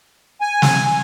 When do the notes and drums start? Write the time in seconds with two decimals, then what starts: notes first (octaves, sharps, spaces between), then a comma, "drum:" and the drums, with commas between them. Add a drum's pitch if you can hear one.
0.41 G#5
0.62 drum: snare